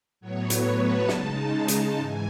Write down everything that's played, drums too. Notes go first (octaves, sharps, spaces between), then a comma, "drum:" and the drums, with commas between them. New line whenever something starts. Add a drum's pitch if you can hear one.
A2 F#3 B3 C#5
B4, drum: hi-hat
A5
C#3 G#3 D#4 A5, drum: snare
A5, drum: hi-hat
G#2 E3 G#5